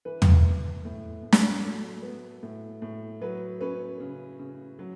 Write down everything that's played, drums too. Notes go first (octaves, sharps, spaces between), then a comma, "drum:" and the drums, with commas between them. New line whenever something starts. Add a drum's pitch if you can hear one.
E3 B4
drum: tom
B3
A2
A2
drum: snare
F#3 A4
B3
A2
A2
F#3 B4
C#4 B4
C#3
C#3
F#3